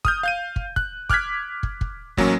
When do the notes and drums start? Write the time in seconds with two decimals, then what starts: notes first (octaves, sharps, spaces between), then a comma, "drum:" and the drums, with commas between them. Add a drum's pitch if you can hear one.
0.05 D#6 F6 G6, drum: kick
0.23 F5 G6 D#7
0.56 drum: kick
0.76 F#6, drum: kick
1.09 D6 F6 F#6 G#6 B6, drum: kick
1.63 drum: kick
1.81 drum: kick
2.17 A1 F#3 A#3 C#4, drum: kick